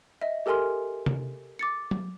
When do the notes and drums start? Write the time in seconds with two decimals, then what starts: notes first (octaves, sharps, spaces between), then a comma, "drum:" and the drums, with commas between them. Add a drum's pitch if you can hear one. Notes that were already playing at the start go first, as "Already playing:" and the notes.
0.22 D#5 E5
0.46 G4 A4 A#4 G#5 C6 F6
1.06 drum: tom
1.59 D6 A6 C#7
1.91 drum: tom